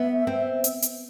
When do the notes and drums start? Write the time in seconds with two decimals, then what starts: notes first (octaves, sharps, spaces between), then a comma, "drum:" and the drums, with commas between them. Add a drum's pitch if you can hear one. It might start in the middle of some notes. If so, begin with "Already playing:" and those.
Already playing: B3 E5
0.27 C4
0.64 drum: hi-hat
0.82 drum: hi-hat